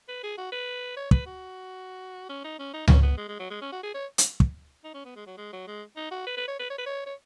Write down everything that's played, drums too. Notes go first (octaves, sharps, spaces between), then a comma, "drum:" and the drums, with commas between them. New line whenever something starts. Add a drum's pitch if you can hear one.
B4
G#4
F#4
B4
C#5
B4, drum: kick
F#4
C#4
D#4
C#4
D#4
C#4, drum: tom C#2
B3
G#3
G#3
F#3
G#3
C#4
F#4
G#4
C#5
drum: hi-hat
drum: kick
D#4
C#4
B3
G#3
F#3
G#3
F#3
G#3
D#4
F#4
B4
B4
C#5
B4
C#5
B4
C#5
C#5